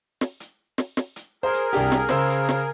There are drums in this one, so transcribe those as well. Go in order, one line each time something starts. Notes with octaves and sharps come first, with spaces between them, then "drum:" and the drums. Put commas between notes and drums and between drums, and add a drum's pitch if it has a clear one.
drum: snare
drum: hi-hat
drum: snare
drum: snare
drum: hi-hat
G#4 A#4 C5
drum: hi-hat
C2 D4 G4, drum: hi-hat
drum: snare
C#3 C5 E6, drum: snare
drum: hi-hat
drum: snare